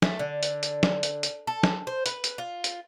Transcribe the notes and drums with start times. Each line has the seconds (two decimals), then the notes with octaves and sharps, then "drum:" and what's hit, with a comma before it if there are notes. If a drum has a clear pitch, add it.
0.02 A3, drum: snare
0.19 D3
0.43 drum: hi-hat
0.63 drum: hi-hat
0.83 drum: snare
1.03 drum: hi-hat
1.23 drum: hi-hat
1.47 A4
1.63 drum: snare
1.87 C5
2.06 B4, drum: hi-hat
2.24 drum: hi-hat
2.38 F4
2.64 drum: hi-hat